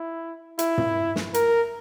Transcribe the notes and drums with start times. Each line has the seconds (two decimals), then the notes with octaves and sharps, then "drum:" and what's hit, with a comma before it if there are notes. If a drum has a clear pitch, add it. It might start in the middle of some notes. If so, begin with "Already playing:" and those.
Already playing: E4
0.59 E4, drum: hi-hat
0.78 drum: tom
1.16 drum: snare
1.34 A#4, drum: hi-hat